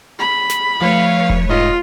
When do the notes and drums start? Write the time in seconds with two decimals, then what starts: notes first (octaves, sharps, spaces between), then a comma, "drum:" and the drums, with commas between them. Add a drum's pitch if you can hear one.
0.19 B5
0.50 drum: snare
0.82 F3 A3 B4 C#5 F5
1.30 drum: kick E1
1.50 G#2 F4 D#5